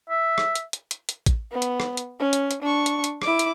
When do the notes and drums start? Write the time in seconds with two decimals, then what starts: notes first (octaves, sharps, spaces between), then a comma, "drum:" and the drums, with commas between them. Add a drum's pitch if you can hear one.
0.10 E5
0.38 drum: rim click
0.55 drum: hi-hat
0.73 drum: hi-hat
0.91 drum: hi-hat
1.09 drum: hi-hat
1.26 drum: kick A1, hi-hat
1.52 B3
1.62 drum: hi-hat
1.80 drum: rim click
1.97 drum: hi-hat
2.19 C#4
2.33 drum: hi-hat
2.51 drum: hi-hat
2.62 D4 C#6
2.86 drum: hi-hat
3.04 drum: hi-hat
3.22 E4 D6, drum: rim click
3.39 drum: hi-hat